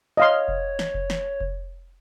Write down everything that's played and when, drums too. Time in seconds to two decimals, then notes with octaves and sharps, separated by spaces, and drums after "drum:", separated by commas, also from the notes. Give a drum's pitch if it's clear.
0.17 C#5 D#5 F5 C6
0.48 drum: kick F1
0.79 drum: snare
0.94 drum: kick F1
1.10 drum: snare
1.41 drum: kick F1